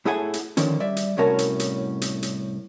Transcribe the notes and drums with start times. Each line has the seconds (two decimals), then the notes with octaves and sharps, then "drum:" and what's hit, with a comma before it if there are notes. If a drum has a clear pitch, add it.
0.05 A2 E4 G#4 A4 F#5 G#5
0.33 drum: hi-hat
0.57 D3 D#3 F3 C#4, drum: hi-hat
0.80 G3 D5 E5
0.97 drum: hi-hat
1.18 C2 A2 C#4 F#4 A#4 A5
1.39 drum: hi-hat
1.60 drum: hi-hat
2.02 drum: hi-hat
2.23 drum: hi-hat